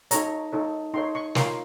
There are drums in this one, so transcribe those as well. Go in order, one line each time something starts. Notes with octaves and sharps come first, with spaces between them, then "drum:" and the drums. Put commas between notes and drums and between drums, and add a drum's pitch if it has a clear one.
D#4 A4 C#5 A#5, drum: hi-hat
D#4 A4 C#5
D#4 A4 C#5 C6
C#6
F4 A#4 C#5 C6, drum: snare